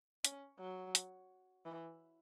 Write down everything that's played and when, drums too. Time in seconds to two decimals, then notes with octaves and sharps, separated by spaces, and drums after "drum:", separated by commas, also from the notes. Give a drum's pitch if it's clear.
0.25 C#4, drum: hi-hat
0.59 F#3
0.95 drum: hi-hat
1.65 E3